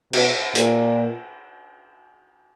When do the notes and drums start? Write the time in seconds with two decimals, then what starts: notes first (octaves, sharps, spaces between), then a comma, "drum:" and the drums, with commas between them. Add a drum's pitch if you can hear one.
0.13 B2, drum: cymbal
0.55 A#2, drum: hi-hat